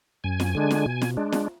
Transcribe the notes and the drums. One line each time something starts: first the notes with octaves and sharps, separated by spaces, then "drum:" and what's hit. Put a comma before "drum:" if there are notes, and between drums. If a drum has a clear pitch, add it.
F#2 G#5
drum: snare
D3 G#3 D4
drum: snare
B2
drum: snare
G#3 D4
drum: snare